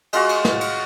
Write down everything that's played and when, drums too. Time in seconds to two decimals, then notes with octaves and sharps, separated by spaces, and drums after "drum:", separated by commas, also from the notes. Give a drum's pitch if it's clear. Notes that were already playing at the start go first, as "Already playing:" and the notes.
0.13 G#3 F4 F#4 C#6, drum: cymbal
0.29 drum: cymbal
0.45 drum: snare
0.61 drum: cymbal